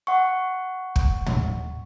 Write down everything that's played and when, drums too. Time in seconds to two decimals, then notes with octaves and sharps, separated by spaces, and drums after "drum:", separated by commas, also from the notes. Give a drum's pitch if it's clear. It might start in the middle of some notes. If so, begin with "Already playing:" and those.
0.07 F#5 C#6
0.96 drum: kick
1.26 drum: tom